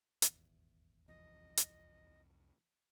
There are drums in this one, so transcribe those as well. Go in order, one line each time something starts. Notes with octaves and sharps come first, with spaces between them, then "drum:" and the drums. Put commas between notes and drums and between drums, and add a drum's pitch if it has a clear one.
D#1 G#1 E2, drum: hi-hat
C2 F2 E3 D#5
drum: hi-hat